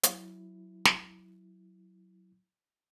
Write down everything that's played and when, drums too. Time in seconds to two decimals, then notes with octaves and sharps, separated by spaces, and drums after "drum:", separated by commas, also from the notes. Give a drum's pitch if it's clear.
0.03 F#3 E4, drum: hi-hat
0.85 drum: snare